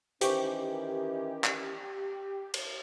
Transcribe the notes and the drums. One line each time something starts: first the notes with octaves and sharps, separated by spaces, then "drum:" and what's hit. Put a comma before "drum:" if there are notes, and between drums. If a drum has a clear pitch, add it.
D#3 E3 C#4 G4 C5 C#6, drum: hi-hat
drum: clap
drum: cymbal